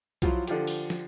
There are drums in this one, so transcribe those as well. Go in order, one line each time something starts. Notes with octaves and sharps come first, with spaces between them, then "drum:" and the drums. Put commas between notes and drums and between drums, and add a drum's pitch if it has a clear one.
F3 F#3 E4 F4, drum: kick B1, hi-hat
D3 F3 G4, drum: hi-hat
drum: open hi-hat
drum: snare